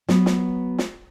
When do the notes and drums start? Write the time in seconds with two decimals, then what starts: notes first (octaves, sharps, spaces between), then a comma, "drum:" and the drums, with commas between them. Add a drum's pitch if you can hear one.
0.09 F#3 B3, drum: snare
0.26 drum: snare
0.78 drum: snare